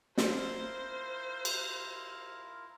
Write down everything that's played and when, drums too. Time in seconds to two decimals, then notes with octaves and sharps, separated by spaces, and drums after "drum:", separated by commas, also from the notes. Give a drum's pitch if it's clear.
0.18 E4 F4 A#4 C5, drum: snare
1.45 drum: cymbal